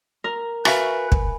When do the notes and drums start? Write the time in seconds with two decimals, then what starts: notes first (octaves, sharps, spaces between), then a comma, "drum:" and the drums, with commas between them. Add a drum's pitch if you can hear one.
0.24 A#4
0.65 F#4 B4 E5 F5 G#5 B5, drum: rim click
1.12 drum: kick